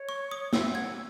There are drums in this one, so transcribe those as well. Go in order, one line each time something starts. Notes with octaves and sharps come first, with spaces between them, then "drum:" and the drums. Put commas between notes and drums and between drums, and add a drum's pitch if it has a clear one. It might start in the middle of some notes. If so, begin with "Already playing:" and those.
Already playing: C#5
C#6
D#6
E5 E6, drum: snare
F#5
G#6
E6